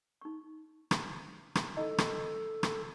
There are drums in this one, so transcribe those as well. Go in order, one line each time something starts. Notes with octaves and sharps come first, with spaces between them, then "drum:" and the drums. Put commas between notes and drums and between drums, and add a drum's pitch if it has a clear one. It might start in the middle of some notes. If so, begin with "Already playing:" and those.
D#4 C#6
drum: rim click
drum: rim click
D#4 E4 A4 D#5
drum: rim click
drum: rim click